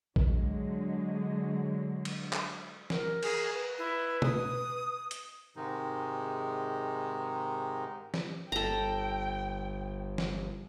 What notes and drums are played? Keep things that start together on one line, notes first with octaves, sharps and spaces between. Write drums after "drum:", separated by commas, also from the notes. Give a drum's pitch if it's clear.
D3 F#3 G#3, drum: kick A#1
drum: cymbal
drum: clap
A#4, drum: snare
G#4, drum: cymbal
B4
E4
D#6, drum: tom B2
drum: hi-hat
G#2 C3 D#3 G#3 D#4
drum: snare
G1 A4 G5 A#5
drum: snare